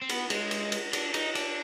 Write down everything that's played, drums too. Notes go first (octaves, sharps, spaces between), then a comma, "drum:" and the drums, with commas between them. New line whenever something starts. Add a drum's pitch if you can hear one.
C4
B3, drum: cymbal
G#3, drum: cymbal
drum: cymbal
drum: cymbal
D4, drum: cymbal
D#4, drum: cymbal
D4, drum: cymbal